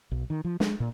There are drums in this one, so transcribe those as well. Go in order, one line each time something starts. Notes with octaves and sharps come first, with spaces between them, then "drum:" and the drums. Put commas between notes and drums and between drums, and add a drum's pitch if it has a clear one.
B1
D#3
F3
G#3, drum: snare
A#2